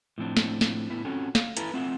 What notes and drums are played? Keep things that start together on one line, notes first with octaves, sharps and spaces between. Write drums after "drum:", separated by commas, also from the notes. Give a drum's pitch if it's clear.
A2 F3 C4 D4
drum: snare
drum: snare
A2 B3 E4 E5
C4 C#4 F4 F#4 A4
F5, drum: snare
E4 A4 B4 A5 A#5, drum: hi-hat
A3 C4 F4 E5 F#5